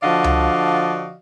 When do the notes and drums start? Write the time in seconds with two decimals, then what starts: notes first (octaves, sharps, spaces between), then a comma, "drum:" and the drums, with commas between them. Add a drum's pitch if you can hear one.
0.03 D3 F3 F#4 D5 D#5 F5
0.24 drum: tom C#2